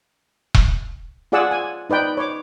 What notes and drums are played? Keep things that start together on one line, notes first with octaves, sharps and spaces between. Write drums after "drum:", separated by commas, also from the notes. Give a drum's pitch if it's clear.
drum: kick E1
F4 G#4 D5 F#5 G#5 E6
G#5
D#4 B4 D5 G5
C#5 D6